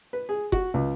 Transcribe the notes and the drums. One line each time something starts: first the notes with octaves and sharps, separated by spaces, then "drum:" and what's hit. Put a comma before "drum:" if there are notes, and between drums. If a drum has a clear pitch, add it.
B4
G#4
F#4, drum: kick F#1
C#2